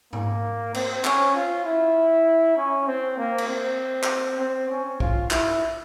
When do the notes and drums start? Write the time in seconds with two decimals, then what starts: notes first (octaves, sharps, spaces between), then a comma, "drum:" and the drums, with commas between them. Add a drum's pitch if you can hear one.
0.13 A#3, drum: tom G#2
0.74 C4, drum: cymbal
1.04 C#4, drum: clap
1.34 F4
1.65 E4
2.57 C#4
2.87 C4
3.18 A#3
3.38 drum: cymbal
3.48 C4
4.03 drum: clap
4.40 C4
4.70 C#4
5.00 F4, drum: kick
5.31 E4, drum: clap